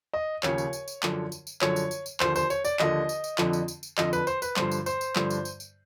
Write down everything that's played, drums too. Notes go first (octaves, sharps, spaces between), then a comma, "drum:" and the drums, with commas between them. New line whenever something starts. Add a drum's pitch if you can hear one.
D#5
D#2 C#3 F3 C#5, drum: clap
drum: tambourine
drum: tambourine
drum: tambourine
F#2 D3 F3, drum: clap
drum: tambourine
drum: tambourine
F#2 D3 F3 C#5, drum: clap
drum: tambourine
drum: tambourine
drum: tambourine
D#2 D3 F3 C5, drum: clap
C5, drum: tambourine
C#5, drum: tambourine
D5, drum: tambourine
D#2 D3 F3 D#5, drum: clap
drum: tambourine
drum: tambourine
F2 D3 F3, drum: clap
drum: tambourine
drum: tambourine
drum: tambourine
F2 D3 F3 D#5, drum: clap
B4, drum: tambourine
C5, drum: tambourine
B4, drum: tambourine
G2 D3 F3 C5, drum: clap
drum: tambourine
C5, drum: tambourine
drum: tambourine
G2 D3 F3, drum: clap
drum: tambourine
drum: tambourine
drum: tambourine